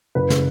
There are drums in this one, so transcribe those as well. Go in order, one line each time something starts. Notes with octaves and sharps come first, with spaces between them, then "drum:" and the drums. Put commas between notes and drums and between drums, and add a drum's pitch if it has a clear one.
F#1 B4
C#3, drum: snare